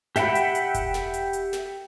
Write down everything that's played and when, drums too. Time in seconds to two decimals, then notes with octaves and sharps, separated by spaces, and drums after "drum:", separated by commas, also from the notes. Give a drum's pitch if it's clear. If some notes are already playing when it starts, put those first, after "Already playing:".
0.16 G4 E5 F#5 G5 B5, drum: snare
0.35 drum: hi-hat
0.55 drum: hi-hat
0.74 drum: kick E1, hi-hat
0.94 drum: snare
1.14 drum: hi-hat
1.33 drum: hi-hat
1.53 drum: snare